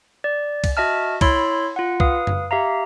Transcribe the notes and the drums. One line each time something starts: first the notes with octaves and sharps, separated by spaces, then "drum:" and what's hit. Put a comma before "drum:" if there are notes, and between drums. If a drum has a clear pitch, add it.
D5
drum: kick, cymbal
F#4 D#5 E5 A5 F6
E4 C#5 B5 C6 E6, drum: kick, cymbal
F4 F#5
B4 F5 D#6, drum: kick
drum: tom F#2
G4 E5 F5 A#5